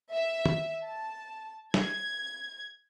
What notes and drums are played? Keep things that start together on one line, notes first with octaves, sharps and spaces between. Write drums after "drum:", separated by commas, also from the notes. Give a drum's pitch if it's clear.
E5
drum: tom
A5
G#6, drum: snare